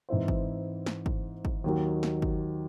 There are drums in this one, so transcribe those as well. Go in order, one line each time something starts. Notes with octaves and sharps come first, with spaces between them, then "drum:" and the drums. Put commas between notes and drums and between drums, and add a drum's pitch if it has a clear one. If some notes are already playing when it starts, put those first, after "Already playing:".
G#2 E3 C4 E4 C5
drum: kick
drum: snare
drum: kick
drum: kick
D#2 D#3 F#3
drum: snare
drum: kick